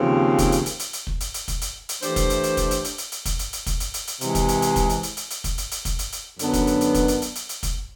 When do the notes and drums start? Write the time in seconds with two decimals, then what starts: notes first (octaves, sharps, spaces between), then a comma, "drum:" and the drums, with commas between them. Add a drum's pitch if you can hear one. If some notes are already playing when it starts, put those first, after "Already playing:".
Already playing: D#2 C#3 F3 G#3 C4
0.38 drum: kick, hi-hat
0.52 drum: hi-hat
0.66 drum: hi-hat
0.79 drum: hi-hat
0.93 drum: hi-hat
1.07 drum: kick
1.20 drum: hi-hat
1.34 drum: hi-hat
1.48 drum: kick, hi-hat
1.61 drum: hi-hat
1.89 drum: hi-hat
2.02 E3 A3 D4 G4 C5, drum: hi-hat
2.16 drum: kick, hi-hat
2.30 drum: hi-hat
2.43 drum: hi-hat
2.57 drum: kick, hi-hat
2.71 drum: hi-hat
2.84 drum: hi-hat
2.98 drum: hi-hat
3.12 drum: hi-hat
3.25 drum: kick, hi-hat
3.39 drum: hi-hat
3.53 drum: hi-hat
3.66 drum: kick, hi-hat
3.80 drum: hi-hat
3.94 drum: hi-hat
4.07 drum: hi-hat
4.21 C3 E3 G#3, drum: hi-hat
4.35 drum: kick, hi-hat
4.48 drum: hi-hat
4.62 drum: hi-hat
4.76 drum: kick, hi-hat
4.89 drum: hi-hat
5.03 drum: hi-hat
5.17 drum: hi-hat
5.30 drum: hi-hat
5.44 drum: kick, hi-hat
5.58 drum: hi-hat
5.71 drum: hi-hat
5.85 drum: kick, hi-hat
5.99 drum: hi-hat
6.12 drum: hi-hat
6.39 F#2 D3 F#3 B3 D4, drum: hi-hat
6.53 drum: kick, hi-hat
6.67 drum: hi-hat
6.81 drum: hi-hat
6.94 drum: kick, hi-hat
7.08 drum: hi-hat
7.22 drum: hi-hat
7.35 drum: hi-hat
7.49 drum: hi-hat
7.63 drum: kick, hi-hat